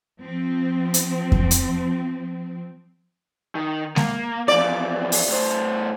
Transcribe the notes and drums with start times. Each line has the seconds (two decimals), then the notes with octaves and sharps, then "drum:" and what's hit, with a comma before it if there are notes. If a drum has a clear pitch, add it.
0.21 F3 C4
0.94 drum: hi-hat
1.32 drum: kick F2
1.51 drum: hi-hat
3.55 D#3
3.96 A#3, drum: snare G#3
4.48 E2 F3 D5
5.12 drum: open hi-hat
5.29 A2 C5